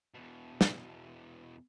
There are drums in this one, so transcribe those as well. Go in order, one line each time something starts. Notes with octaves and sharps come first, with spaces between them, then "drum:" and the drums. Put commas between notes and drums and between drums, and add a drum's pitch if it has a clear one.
E2 B2
drum: snare